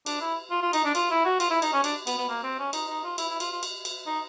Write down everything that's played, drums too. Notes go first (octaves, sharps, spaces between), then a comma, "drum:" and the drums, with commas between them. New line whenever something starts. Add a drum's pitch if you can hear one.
D4, drum: cymbal
E4
F4
F4
D#4, drum: cymbal
D4
F4, drum: cymbal
E4
F#4
F4, drum: cymbal
E4
D#4, drum: cymbal
C#4
D4, drum: cymbal
B3, drum: cymbal
B3
A#3
C4
C#4
D#4, drum: cymbal
D#4
F4
E4, drum: cymbal
E4
F4, drum: cymbal
F4
drum: cymbal
drum: cymbal
D#4